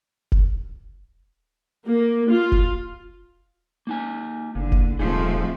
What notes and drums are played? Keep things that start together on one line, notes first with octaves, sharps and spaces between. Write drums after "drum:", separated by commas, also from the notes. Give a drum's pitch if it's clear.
drum: kick F1
A#3
F4
drum: kick F1
A#3 D#4 G#5
F#1 D3 A#3
drum: kick F1
D#1 C3 F3 A3 D#4 G#4